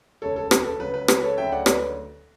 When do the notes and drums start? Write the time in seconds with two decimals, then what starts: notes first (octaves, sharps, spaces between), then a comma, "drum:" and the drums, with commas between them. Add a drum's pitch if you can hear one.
0.22 E1 D2 C#3 A4 C#5
0.36 A4
0.51 B4, drum: rim click
0.65 A4
0.79 C#2 C#3 F#3 B4
0.94 B4
1.08 B4, drum: rim click
1.23 A4 C#5
1.37 D2 C#3 F#3 E5 G5
1.52 D5 F#5
1.66 B4 D5, drum: rim click